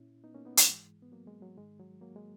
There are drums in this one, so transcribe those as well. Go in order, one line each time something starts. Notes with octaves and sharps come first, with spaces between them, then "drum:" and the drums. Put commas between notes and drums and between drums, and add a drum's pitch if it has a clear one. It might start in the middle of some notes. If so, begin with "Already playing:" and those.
Already playing: A#2 C#4 E4
B3 D#4
A#3 C#4
B3 D#4
G#3, drum: hi-hat
G#2 E3
B3
F#3 A#3
G#3
F#3
G#2 D#3 G#3
F#3
F#3 A#3
G#3